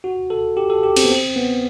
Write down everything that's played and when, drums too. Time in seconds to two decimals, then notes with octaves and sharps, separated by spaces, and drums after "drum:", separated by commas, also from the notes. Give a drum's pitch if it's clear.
0.04 F#4
0.30 A4
0.57 G4
0.70 A4
0.83 G4
0.96 C4, drum: cymbal
1.04 B3
1.10 C4
1.36 B3